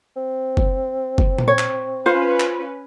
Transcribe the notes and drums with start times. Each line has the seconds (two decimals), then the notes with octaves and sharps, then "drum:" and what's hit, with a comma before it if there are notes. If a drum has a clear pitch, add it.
0.16 C4
0.57 drum: kick
1.18 drum: kick
1.38 drum: tom A#2
1.48 C#5
1.59 drum: clap
2.06 C#4 F4 B4 C5 F5
2.40 drum: clap